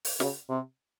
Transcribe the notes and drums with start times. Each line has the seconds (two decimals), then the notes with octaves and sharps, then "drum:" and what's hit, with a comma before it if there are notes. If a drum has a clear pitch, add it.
0.05 drum: open hi-hat
0.20 C#3, drum: snare
0.49 C3